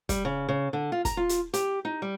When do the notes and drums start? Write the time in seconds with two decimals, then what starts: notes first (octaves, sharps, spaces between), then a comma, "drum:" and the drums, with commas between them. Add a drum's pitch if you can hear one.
0.09 G3, drum: kick, hi-hat
0.25 C#3
0.49 C#3
0.73 D3
0.92 F4
1.05 A#5, drum: kick, hi-hat
1.17 F4
1.29 drum: hi-hat
1.54 G4, drum: hi-hat
1.85 D#4
2.02 G3